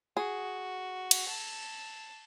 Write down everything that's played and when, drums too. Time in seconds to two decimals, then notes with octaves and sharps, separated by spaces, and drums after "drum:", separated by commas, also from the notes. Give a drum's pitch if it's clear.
0.17 F#4 G#4
1.11 drum: cymbal
1.29 A5